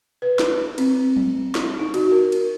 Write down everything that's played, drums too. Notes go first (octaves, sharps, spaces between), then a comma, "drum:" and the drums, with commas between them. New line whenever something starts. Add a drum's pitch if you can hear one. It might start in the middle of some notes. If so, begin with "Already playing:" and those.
B4
drum: snare
C4, drum: cymbal
drum: tom
drum: snare
D#4
F#4, drum: cymbal
A#4
drum: cymbal